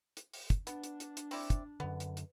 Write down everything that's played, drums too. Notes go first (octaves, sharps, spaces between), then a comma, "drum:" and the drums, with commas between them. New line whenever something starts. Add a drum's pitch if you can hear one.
drum: hi-hat
drum: open hi-hat
drum: kick, hi-hat
B3 D4, drum: hi-hat
drum: hi-hat
drum: hi-hat
drum: hi-hat
C4 E4 D5, drum: open hi-hat
drum: kick, hi-hat
F#2 D3 B3
drum: hi-hat
drum: hi-hat